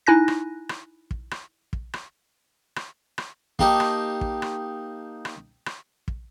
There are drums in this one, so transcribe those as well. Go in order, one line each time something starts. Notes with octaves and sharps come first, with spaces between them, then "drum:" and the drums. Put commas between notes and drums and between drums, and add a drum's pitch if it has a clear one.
D#4 E4 G#5 F#6 A#6
drum: rim click
drum: rim click
drum: kick
drum: rim click
drum: kick
drum: rim click
drum: rim click
drum: rim click
A#3 D#4 G4 A5, drum: kick
drum: rim click
drum: kick
drum: rim click
drum: rim click
drum: rim click
drum: kick